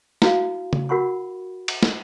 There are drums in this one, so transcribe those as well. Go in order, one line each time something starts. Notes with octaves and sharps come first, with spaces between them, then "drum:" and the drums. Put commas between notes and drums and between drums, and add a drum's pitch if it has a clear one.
E4 F#4 F5, drum: snare
drum: tom C#3
F#4 A#4 F#5 B5 C#6
drum: cymbal
drum: snare